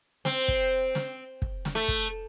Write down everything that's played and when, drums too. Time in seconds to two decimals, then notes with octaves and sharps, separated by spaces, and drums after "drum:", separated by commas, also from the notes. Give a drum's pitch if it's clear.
0.25 C4, drum: snare
0.48 drum: kick
0.95 drum: snare
1.42 drum: kick
1.65 drum: snare
1.75 A3
1.88 drum: kick